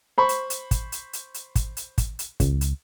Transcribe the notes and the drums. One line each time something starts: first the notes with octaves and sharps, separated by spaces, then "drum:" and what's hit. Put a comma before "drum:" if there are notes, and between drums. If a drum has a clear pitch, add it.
C5 B5 C#6
drum: hi-hat
drum: hi-hat
drum: kick, hi-hat
drum: hi-hat
drum: hi-hat
drum: hi-hat
drum: kick, hi-hat
drum: hi-hat
drum: kick, hi-hat
drum: hi-hat
C#2, drum: kick, hi-hat
drum: hi-hat